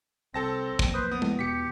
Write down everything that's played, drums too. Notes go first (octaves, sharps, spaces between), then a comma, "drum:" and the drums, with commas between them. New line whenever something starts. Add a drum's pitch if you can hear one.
C2 C4 A4 A5 A#6
B1 F2 A#3, drum: kick
B4 C5 D#6
B3 D#6
drum: tom G#3
E2 B2 G4 B6 C#7